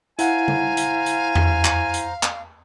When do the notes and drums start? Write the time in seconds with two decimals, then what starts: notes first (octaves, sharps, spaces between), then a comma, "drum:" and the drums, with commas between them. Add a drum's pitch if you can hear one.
0.19 E4 C5 F5 F#5 G#5 A#5, drum: hi-hat
0.48 drum: tom C#3
0.77 drum: hi-hat
1.06 drum: hi-hat
1.35 drum: tom E2
1.65 drum: clap
1.94 drum: hi-hat
2.23 drum: clap